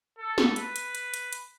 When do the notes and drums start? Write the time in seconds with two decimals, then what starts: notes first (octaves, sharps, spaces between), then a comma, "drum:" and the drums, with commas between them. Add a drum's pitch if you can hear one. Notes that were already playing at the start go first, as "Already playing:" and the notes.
0.19 A4
0.38 drum: snare
0.56 B4, drum: hi-hat
0.76 drum: hi-hat
0.95 drum: hi-hat
1.14 drum: hi-hat
1.33 drum: hi-hat